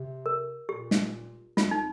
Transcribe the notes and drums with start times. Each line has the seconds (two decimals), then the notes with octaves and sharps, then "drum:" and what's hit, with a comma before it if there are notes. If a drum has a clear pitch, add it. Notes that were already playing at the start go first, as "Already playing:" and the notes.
Already playing: C3
0.26 A#4
0.69 A#2 G4
0.91 drum: snare
1.57 F2 F4, drum: snare
1.71 D#4